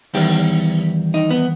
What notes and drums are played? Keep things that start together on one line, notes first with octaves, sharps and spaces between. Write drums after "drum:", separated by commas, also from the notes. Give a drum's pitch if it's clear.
E2 D#3 G3, drum: open hi-hat
D#4
B3